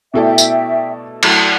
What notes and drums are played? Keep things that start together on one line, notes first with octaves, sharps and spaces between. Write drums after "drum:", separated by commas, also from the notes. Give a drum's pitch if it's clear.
B2 A3 E4 A4 D5 E5 G5
drum: tambourine
F#3 A3 E4 A4 D5 F#5, drum: cymbal